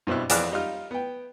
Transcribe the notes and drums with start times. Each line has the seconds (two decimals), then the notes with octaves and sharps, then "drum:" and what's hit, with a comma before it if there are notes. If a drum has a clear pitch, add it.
0.07 G2 B2 C4 D4 E4
0.29 F2 E3 G#4 D5 F6 F#6, drum: hi-hat
0.52 G3 D#4 F4 F6
0.91 B3 G5